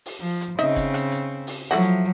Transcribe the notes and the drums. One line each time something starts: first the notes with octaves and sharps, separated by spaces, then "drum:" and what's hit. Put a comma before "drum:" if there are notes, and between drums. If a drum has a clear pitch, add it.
drum: open hi-hat
F3
drum: hi-hat
C#3 C4 D#4 D#5 E5
drum: kick F#1, hi-hat
drum: rim click
drum: hi-hat
drum: open hi-hat
F3 F#3 A3 E4 F#4
drum: hi-hat